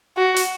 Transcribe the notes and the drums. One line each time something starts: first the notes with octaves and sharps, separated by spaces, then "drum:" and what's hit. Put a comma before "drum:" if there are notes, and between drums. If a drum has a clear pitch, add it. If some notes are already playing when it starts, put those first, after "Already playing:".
F#4
drum: hi-hat